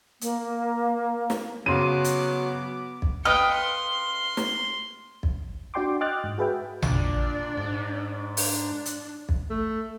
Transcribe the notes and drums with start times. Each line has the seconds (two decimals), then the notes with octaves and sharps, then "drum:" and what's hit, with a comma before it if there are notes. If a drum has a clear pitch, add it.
0.21 A#3, drum: hi-hat
1.30 drum: snare
1.66 C#3 F#3 B3 C6 D6 D#7
2.04 drum: hi-hat
3.02 drum: kick
3.25 B4 D#5 F5 G5 F6 C#7
3.57 C6
4.37 drum: snare
5.23 drum: kick
5.74 D4 F#4 D5 G5 C6 D6
6.01 D#5 G5 D6 F6 F#6 A6
6.24 G#2
6.38 F#4 G#4 B4 E5 G5
6.82 A#2 D4 D5, drum: tom A1
7.57 G#2
8.37 D4, drum: open hi-hat
8.85 drum: hi-hat
9.29 drum: kick
9.50 A3